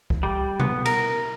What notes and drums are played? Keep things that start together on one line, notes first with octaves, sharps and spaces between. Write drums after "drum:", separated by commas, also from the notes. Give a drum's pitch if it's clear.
drum: kick
G3
B3, drum: tom B2
A#4, drum: cymbal